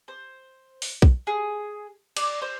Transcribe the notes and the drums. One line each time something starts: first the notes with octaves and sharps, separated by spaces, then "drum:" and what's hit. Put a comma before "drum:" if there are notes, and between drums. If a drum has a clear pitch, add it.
C5
drum: open hi-hat
drum: kick B1
G#4
D5, drum: cymbal
C5